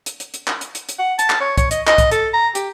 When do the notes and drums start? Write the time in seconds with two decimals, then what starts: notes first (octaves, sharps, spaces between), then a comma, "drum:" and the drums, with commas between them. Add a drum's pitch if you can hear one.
0.06 drum: hi-hat
0.20 drum: hi-hat
0.34 drum: hi-hat
0.47 drum: clap
0.61 drum: hi-hat
0.75 drum: hi-hat
0.89 drum: hi-hat
0.99 F#5
1.19 A5, drum: hi-hat
1.30 drum: clap
1.40 C#5
1.57 C#5, drum: kick C2, hi-hat
1.71 D#5, drum: hi-hat
1.87 D#5, drum: clap
1.98 drum: kick C2, hi-hat
2.11 A4, drum: hi-hat
2.33 A#5
2.55 G4, drum: hi-hat